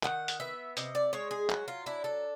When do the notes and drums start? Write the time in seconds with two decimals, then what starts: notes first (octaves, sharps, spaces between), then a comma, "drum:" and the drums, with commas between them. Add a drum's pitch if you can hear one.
0.03 D#3 F#5, drum: clap
0.28 drum: hi-hat
0.40 B3 E5
0.77 C3 D#5, drum: hi-hat
0.95 D5
1.13 G#3 C#5
1.31 G#4
1.49 F#3 F#4, drum: clap
1.68 F4
1.86 D4 E4
2.04 A4